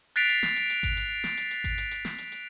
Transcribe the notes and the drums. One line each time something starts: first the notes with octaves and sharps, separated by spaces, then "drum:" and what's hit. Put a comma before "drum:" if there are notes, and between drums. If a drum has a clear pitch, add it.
F#6 A6 B6 C7 D7 F7, drum: hi-hat
drum: hi-hat
drum: snare
drum: hi-hat
drum: hi-hat
drum: kick G#1, hi-hat
drum: hi-hat
drum: snare
drum: hi-hat
drum: hi-hat
drum: kick G#1, hi-hat
drum: hi-hat
drum: hi-hat
drum: snare
drum: hi-hat
drum: hi-hat